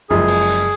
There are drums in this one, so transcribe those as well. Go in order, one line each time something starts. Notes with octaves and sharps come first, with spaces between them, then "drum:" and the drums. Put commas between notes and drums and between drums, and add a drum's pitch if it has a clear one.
F#1 F#2 F3 G#3 G#4
drum: open hi-hat
drum: hi-hat